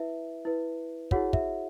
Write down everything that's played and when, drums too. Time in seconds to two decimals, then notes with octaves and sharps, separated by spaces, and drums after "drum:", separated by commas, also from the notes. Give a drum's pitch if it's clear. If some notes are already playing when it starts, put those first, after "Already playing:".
Already playing: E4 B4 E5
0.45 E4 B4
1.11 E4 F#4 G#4 C#5 F#5, drum: kick
1.33 E5, drum: kick